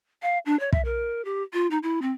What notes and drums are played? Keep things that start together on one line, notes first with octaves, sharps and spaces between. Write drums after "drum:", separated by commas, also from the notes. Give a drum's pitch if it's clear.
F5
D4
C#5
E5, drum: kick
A#4
G4
F4
D#4
E4
C4